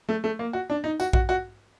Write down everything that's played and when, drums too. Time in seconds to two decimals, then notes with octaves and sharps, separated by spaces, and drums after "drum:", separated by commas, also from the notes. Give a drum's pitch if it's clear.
0.09 A3
0.24 A3
0.39 A#3
0.53 F#4
0.70 D4
0.84 D#4
1.00 F#4, drum: tambourine
1.13 F#4, drum: kick A#1
1.29 F#4